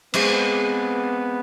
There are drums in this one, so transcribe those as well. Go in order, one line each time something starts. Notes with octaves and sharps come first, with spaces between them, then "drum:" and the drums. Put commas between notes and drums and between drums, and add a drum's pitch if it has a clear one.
G#3 B3 C4 G#4 C5 F5, drum: cymbal